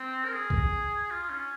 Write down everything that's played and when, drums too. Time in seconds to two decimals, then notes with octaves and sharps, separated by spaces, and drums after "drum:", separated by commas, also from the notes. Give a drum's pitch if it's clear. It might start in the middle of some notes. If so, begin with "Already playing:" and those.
Already playing: C4
0.25 A#4
0.33 G#4
0.50 drum: kick B1
1.11 F4
1.30 C#4